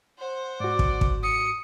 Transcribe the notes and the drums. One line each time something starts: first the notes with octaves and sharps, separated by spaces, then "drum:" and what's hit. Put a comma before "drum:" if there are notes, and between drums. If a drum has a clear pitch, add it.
C5 F#5
G#2 F#4 D5
drum: kick
drum: kick
D#6 C#7